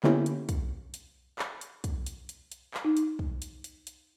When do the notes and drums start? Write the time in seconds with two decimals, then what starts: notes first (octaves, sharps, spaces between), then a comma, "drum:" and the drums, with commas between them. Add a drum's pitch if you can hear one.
0.04 D3 A#3 B3 C#4 E4 G4, drum: clap
0.26 drum: hi-hat
0.49 drum: kick, hi-hat
0.94 drum: hi-hat
1.39 drum: clap
1.61 drum: hi-hat
1.84 drum: kick, hi-hat
2.06 drum: hi-hat
2.29 drum: hi-hat
2.52 drum: hi-hat
2.74 drum: clap
2.85 D#4
2.97 drum: hi-hat
3.19 drum: kick
3.42 drum: hi-hat
3.64 drum: hi-hat
3.87 drum: hi-hat